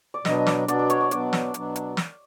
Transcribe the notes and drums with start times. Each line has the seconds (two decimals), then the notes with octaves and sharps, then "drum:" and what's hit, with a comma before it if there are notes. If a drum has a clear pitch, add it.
0.14 D5
0.25 B2 F#3 B3 D4 D#5, drum: snare
0.46 D5, drum: snare
0.68 B2 F#3 B3 D4 D5, drum: hi-hat
0.79 D5
0.90 C#5, drum: hi-hat
1.01 D5
1.11 B2 F#3 B3 D4 D5, drum: hi-hat
1.33 drum: snare
1.54 B2 F#3 B3 D4, drum: hi-hat
1.76 drum: hi-hat
1.97 drum: snare